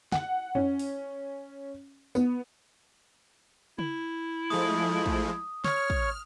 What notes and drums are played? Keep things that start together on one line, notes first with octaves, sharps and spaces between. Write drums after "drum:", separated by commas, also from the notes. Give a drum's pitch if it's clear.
F#5, drum: snare
C#4, drum: tom F2
drum: open hi-hat
B3, drum: tambourine
E4, drum: tom
F3 G#3 A3 D#6
drum: kick
C#5 C#6 F6, drum: snare
drum: kick